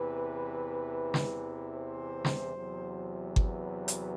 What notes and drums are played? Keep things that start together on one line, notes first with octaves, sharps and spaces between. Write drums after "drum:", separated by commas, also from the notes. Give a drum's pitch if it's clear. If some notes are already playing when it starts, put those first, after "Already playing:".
Already playing: E2 C3 E3 B4
drum: snare
C5
drum: snare
E2 C3 F#3
B4, drum: kick G1
drum: hi-hat